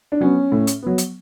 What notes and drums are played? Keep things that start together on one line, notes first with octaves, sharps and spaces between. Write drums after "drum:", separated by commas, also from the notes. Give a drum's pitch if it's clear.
D4
F#3 B3 C#4
A2
drum: hi-hat
F#3 B3
drum: hi-hat